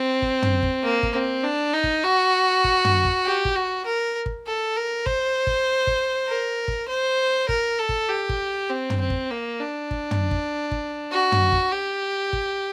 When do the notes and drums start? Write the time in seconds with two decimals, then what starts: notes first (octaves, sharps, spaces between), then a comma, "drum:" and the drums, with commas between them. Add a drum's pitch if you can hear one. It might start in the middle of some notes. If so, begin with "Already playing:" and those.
Already playing: C4
0.22 drum: kick
0.42 drum: tom
0.63 drum: kick
0.83 A#3
1.03 drum: kick
1.13 C4
1.44 D4
1.73 D#4
1.84 drum: kick
2.04 F#4
2.64 drum: kick
2.85 drum: tom
3.05 drum: kick
3.25 G4
3.45 drum: kick
3.55 F#4
3.86 A#4
4.26 drum: kick
4.46 A4
4.76 A#4
5.06 C5, drum: kick
5.47 drum: kick
5.87 drum: kick
6.28 A#4
6.68 drum: kick
6.88 C5
7.49 A#4, drum: kick
7.78 A4
7.89 drum: kick
8.09 G4
8.29 drum: kick
8.70 C4
8.90 drum: tom
9.00 C4
9.10 drum: kick
9.31 A#3
9.60 D4
9.91 drum: kick
10.11 drum: tom
10.31 drum: kick
10.71 drum: kick
11.12 F#4
11.32 drum: tom
11.52 drum: kick
11.72 G4
12.33 drum: kick